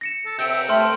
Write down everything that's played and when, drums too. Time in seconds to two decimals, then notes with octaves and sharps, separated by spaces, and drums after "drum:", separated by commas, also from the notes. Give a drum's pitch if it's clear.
0.01 A#6 C#7 E7
0.26 A4
0.39 C3 E5 G6 D7, drum: open hi-hat
0.69 A3 G5 C6 F6